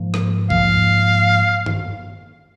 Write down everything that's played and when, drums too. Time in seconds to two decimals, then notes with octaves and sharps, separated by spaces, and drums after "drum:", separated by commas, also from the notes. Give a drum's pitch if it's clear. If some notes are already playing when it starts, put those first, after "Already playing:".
Already playing: G#2 F3 A#3
0.14 drum: rim click
0.50 G#2 F3 A#3 F5, drum: kick B1
1.66 drum: tom G2